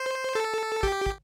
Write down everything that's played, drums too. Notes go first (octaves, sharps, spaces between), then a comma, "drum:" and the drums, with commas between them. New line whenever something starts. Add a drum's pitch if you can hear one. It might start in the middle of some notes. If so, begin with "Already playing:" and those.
Already playing: C5
A4
G4, drum: kick
drum: kick